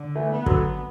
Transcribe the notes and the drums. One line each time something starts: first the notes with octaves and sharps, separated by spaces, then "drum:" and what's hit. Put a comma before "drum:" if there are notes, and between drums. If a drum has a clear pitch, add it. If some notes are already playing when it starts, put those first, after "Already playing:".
Already playing: D3
E3 A3
B3
D3 F#3, drum: kick